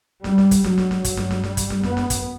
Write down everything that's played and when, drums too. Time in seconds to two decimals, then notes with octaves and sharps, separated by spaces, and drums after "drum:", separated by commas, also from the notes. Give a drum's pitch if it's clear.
0.24 G2 G3, drum: snare
0.38 drum: snare
0.51 drum: kick, hi-hat
0.64 F#3, drum: snare
0.78 drum: snare
0.91 drum: snare
1.05 G2, drum: kick, hi-hat
1.17 drum: snare
1.31 drum: snare
1.44 G3, drum: snare
1.57 drum: kick, hi-hat
1.70 drum: snare
1.83 F#2 B3, drum: snare
1.97 drum: snare
2.10 drum: kick, hi-hat